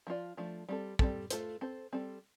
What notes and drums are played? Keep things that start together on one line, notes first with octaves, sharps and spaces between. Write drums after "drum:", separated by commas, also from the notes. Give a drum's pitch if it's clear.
F3 A3 F4 D5
F3 A3 D4
G3 C4 A4
G3 C4 A4, drum: kick
A3 F4 A4 C5, drum: hi-hat
C4 A4 C5
G3 C4 A4